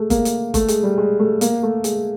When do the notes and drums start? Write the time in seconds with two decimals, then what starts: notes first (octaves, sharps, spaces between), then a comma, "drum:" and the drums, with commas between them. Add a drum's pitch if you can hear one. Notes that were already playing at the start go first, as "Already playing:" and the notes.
Already playing: G#3 A3
0.10 A#3, drum: kick G1, hi-hat
0.25 drum: hi-hat
0.54 A3, drum: kick G1, hi-hat
0.68 G#3, drum: hi-hat
0.83 G3
0.98 G#3
1.19 A3
1.41 A#3, drum: hi-hat
1.63 A3
1.84 G#3, drum: hi-hat